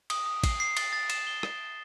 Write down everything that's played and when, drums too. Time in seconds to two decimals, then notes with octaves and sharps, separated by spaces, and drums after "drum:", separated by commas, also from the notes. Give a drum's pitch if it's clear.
0.10 D#6, drum: cymbal
0.26 D#6
0.44 C7, drum: kick A1, cymbal
0.60 C7
0.77 A6, drum: cymbal
0.93 A6
1.10 E7, drum: cymbal
1.27 G7
1.43 drum: rim click